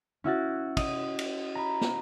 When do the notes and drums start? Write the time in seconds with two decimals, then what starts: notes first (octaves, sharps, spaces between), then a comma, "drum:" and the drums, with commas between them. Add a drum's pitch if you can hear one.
0.24 C#4 E4 F#4 A6
0.77 D#5 D#7, drum: kick, cymbal
1.19 drum: cymbal
1.55 A#5 B5
1.81 drum: snare